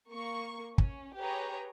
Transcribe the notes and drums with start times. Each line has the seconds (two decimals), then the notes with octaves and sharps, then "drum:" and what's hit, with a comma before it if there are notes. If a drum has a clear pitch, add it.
0.12 A#3 C#6
0.78 C#4, drum: kick
1.17 G4 G#4 B4 C#5 G5 A#5